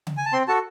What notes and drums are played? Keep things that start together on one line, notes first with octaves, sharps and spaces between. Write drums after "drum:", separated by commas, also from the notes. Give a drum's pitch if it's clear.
drum: tom C#3
G#5
A5
C4 C6
F#4 A4 A5